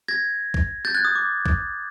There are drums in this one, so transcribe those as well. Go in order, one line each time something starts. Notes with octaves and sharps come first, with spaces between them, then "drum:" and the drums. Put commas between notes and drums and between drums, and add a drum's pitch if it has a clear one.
G#6 A#6
drum: kick
G6 A6
F#6 G#6
D#6
D6
drum: kick